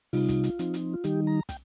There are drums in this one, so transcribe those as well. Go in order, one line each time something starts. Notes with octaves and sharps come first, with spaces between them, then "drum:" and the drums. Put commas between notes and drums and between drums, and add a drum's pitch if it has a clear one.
C3 G3 D#4 F4, drum: open hi-hat
drum: kick, hi-hat
drum: hi-hat
F3 C4 D#4, drum: hi-hat
drum: hi-hat
F4
D#3 G3 D#4 G4, drum: hi-hat
A#5
G5, drum: kick, hi-hat